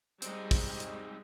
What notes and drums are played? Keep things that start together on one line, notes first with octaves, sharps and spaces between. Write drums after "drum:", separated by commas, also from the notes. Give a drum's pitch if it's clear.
G3 G#3 C4 D#4, drum: hi-hat
drum: kick, open hi-hat
drum: hi-hat